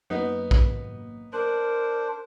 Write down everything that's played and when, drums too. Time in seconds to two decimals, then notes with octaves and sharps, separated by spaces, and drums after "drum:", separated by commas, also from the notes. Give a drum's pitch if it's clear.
0.10 F#2 F#3 A#3 B3 D#4
0.51 drum: kick A#1
1.33 D4 A#4 C5 F#6